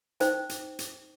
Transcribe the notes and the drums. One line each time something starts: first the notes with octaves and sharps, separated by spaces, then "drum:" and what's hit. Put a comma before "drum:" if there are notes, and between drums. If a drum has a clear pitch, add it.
D#4 C5 G5, drum: hi-hat
drum: hi-hat
drum: hi-hat